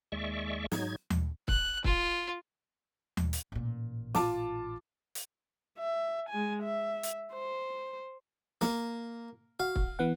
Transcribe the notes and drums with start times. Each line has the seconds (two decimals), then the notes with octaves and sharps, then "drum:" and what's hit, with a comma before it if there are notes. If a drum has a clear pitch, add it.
0.12 D#2 G#3 D5 E5 C#6
0.72 G#2 F#3 D#4 G#6, drum: snare
1.10 drum: tom D#2
1.48 F#6, drum: kick
1.84 F4, drum: kick
3.17 drum: tom D#2
3.33 drum: hi-hat
3.52 A1 A#2
4.15 F4 A5 D6, drum: snare
5.15 drum: hi-hat
5.78 E5
6.30 G#3 G#5
6.63 E5
7.03 drum: hi-hat
7.34 C5
8.61 A#3, drum: snare
9.60 F#4 F5
9.76 drum: kick
9.99 E3 B3 F#5